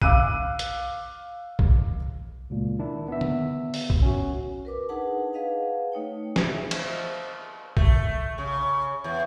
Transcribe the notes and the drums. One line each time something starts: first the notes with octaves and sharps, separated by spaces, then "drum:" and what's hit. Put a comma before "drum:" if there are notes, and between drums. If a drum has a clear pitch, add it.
F5 D6 E6 F#6 D#7, drum: kick A#1
drum: hi-hat
drum: kick A#1
C#2 A#2
D#3 D4 E4
B3 E5
drum: tom D3
drum: open hi-hat
drum: kick A#1
C#4 F#4
A#4 B4 D6
D4 D#4 G#4 B4 F#5 A5
G#4 B4 D#5 F5 F#5 A5
A3 D#4 C#5 G5
G#4 E5, drum: snare
C5 D#5 E5, drum: cymbal
A3, drum: kick A#1
C#3
E2